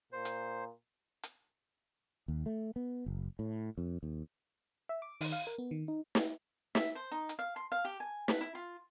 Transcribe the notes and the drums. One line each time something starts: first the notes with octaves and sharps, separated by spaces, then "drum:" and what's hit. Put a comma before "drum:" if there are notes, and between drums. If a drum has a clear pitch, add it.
A#2 C5
drum: hi-hat
drum: hi-hat
D#2
A3
B3
F#1
A2
F2
D#2
E5
D6
D#3, drum: open hi-hat
F5
A#4
B3
D#3
D#4
drum: snare
E5, drum: snare
C5
D#4
drum: hi-hat
F5
C6
F5
G4
G#5
B4, drum: snare
E4
F4